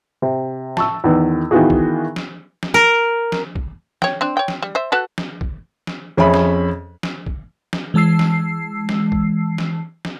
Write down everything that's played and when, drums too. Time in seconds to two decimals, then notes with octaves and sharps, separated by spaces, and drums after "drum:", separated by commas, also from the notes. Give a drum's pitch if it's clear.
0.22 C3
0.77 A5 C#6 E6, drum: snare
1.04 E2 D#3 B3
1.51 D#3 E3 B3 F4 F#4 G#4
1.70 drum: kick
2.16 drum: snare
2.63 drum: snare
2.74 A#4
3.32 drum: snare
3.55 drum: kick
4.02 C#5 G5, drum: snare
4.21 C4 D4
4.37 C#5 G5
4.48 drum: snare
4.63 G3
4.75 C5 E5
4.92 F#4 A4 B4
5.18 drum: snare
5.41 drum: kick
5.87 drum: snare
6.17 F2 C#4 G#4 E5 B5
6.34 drum: snare
7.03 drum: snare
7.26 drum: kick
7.73 drum: snare
7.94 E3 G#3 A5 E6 C7
8.19 drum: snare
8.89 drum: snare
9.12 drum: kick
9.58 drum: snare
10.05 drum: snare